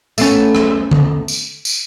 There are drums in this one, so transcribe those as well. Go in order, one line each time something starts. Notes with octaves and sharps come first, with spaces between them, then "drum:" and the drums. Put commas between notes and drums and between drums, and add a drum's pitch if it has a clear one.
A3 B3 C#4, drum: tambourine
drum: rim click
drum: tom D3
drum: tambourine
drum: tambourine